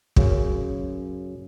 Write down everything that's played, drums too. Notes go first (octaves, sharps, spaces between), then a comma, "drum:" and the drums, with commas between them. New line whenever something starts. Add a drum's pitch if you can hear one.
F#2 C#3, drum: kick